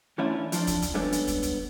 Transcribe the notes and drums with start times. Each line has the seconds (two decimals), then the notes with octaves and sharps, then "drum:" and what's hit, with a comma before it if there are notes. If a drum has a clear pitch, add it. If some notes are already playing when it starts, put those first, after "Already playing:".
0.18 E3 A3 C#4 D4 E4 F4
0.52 F2 F3 D4, drum: hi-hat
0.67 drum: kick, hi-hat
0.82 drum: kick, hi-hat
0.94 G3 G#3 B3 C#4 D4 A4
1.12 drum: hi-hat
1.28 drum: kick, hi-hat
1.43 drum: kick, hi-hat